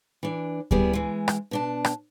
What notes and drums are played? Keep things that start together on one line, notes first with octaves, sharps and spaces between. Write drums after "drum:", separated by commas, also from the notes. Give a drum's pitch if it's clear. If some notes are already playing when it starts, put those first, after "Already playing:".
E3 D4
G3 B3 E4 G#4, drum: kick D2
E3 G#3
drum: rim click
B2 D4 A5
drum: rim click